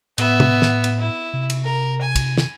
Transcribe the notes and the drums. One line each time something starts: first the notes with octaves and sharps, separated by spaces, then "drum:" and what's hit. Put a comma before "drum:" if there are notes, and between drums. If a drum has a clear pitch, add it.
A2 B3 E5, drum: cymbal
drum: tom
drum: snare
drum: cymbal
E4
C3
drum: cymbal
A#4
G#5
drum: kick, cymbal
drum: snare